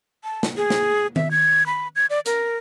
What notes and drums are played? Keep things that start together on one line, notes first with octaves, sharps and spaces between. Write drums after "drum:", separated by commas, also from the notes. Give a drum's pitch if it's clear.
A5
drum: snare
G#4
drum: snare
E5, drum: tom D#3
G#6
B5
G#6
D5
A#4, drum: hi-hat